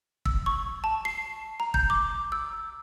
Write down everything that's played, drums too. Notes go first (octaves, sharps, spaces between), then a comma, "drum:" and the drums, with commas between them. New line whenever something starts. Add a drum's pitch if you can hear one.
E6, drum: kick
C#6
A5
C7
A#5
G6, drum: kick
D6
E6